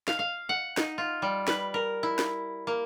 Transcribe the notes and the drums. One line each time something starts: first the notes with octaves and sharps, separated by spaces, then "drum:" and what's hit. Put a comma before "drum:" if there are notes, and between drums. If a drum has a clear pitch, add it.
F5, drum: snare
F5
F#5
D#4, drum: snare
F4
G3
B4, drum: snare
A#4
E4
drum: snare
A#3